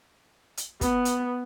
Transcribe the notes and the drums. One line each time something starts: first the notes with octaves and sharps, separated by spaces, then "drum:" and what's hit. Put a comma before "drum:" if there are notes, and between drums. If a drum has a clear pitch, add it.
drum: hi-hat
B3, drum: kick, hi-hat
drum: hi-hat